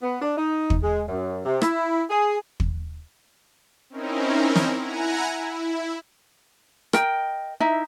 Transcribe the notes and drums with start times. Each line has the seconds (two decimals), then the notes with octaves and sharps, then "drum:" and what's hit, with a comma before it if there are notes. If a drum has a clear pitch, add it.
0.02 B3
0.22 D4
0.37 D#4
0.70 drum: kick
0.82 G#3
1.08 F#2
1.45 C3
1.62 E4, drum: rim click
2.10 G#4
2.60 drum: kick
3.90 C4 C#4 D#4 E4 A#4
4.55 drum: snare
4.77 E4 F#5 G#5 A#5
5.38 E4
6.93 A#4 D#5 G5, drum: rim click
7.60 D#4 E4 E5